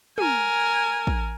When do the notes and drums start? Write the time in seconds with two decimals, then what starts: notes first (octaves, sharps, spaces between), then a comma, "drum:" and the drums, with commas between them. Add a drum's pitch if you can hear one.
0.18 A#4 G#5, drum: tom
1.07 drum: kick A1